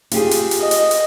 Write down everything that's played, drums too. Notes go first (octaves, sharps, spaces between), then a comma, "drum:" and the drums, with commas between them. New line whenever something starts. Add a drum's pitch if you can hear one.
F4 G4 G#4, drum: hi-hat
drum: hi-hat
drum: hi-hat
D#5
drum: hi-hat
drum: hi-hat